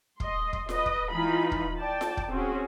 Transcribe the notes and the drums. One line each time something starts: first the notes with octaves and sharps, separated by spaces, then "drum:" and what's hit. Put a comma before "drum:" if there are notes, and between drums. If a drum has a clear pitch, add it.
D#5 C6, drum: kick
drum: kick
B4 D#5, drum: snare F4
drum: kick
E3 D#4 F4 B5
drum: kick
D5 G5 A5
drum: snare F4
drum: kick
C4 C#4 F#4 G#4